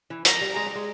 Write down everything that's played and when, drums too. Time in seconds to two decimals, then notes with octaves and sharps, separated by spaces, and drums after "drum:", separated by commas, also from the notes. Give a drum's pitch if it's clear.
0.10 E3
0.25 F3 A#5, drum: hi-hat
0.41 G3
0.56 G#3
0.67 G3
0.75 G#3